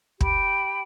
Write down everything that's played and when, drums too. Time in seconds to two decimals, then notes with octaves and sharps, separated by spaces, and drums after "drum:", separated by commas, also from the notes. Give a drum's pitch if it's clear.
0.21 G4 G5 B5, drum: kick